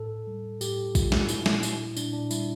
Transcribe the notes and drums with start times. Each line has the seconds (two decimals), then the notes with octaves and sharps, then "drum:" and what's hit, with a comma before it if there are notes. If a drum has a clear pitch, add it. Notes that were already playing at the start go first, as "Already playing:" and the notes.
Already playing: A2 A4
0.27 G3
0.61 A2 G4, drum: tambourine
0.95 G3 F4, drum: kick A#1, tambourine
1.12 drum: snare
1.29 A#2 E4, drum: tambourine
1.46 drum: snare
1.63 G3, drum: tambourine
1.97 A#2 D4, drum: tambourine
2.13 D4
2.31 G3 E4, drum: tambourine